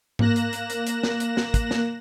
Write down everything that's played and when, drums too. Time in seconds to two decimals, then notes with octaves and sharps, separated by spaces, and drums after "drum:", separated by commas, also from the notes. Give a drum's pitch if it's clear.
0.19 A#3 F#6 A#6 E7, drum: tom G#2
0.36 drum: hi-hat
0.53 drum: hi-hat
0.70 drum: hi-hat
0.87 drum: hi-hat
1.03 drum: snare
1.20 drum: hi-hat
1.37 drum: snare
1.54 drum: kick, hi-hat
1.71 drum: snare